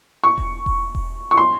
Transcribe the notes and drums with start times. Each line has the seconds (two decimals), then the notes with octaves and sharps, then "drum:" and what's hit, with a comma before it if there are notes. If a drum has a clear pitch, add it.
0.24 C#6
0.38 drum: kick E1
0.66 drum: kick E1
0.95 drum: kick E1
1.31 C#6
1.37 C6